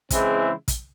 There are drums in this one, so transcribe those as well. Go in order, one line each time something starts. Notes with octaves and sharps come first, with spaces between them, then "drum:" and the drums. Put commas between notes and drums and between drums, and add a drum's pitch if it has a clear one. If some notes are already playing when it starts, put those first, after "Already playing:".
C#3 E3 G#3 C4 E4, drum: kick, hi-hat
drum: kick, hi-hat